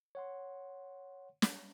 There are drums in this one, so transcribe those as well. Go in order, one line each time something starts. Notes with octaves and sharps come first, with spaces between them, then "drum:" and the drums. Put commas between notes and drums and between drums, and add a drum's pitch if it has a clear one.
C#5 F#5 C6
drum: snare